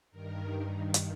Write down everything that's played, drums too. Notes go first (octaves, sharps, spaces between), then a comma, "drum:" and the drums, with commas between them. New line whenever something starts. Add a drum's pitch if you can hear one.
G2 D#3 A#4
drum: hi-hat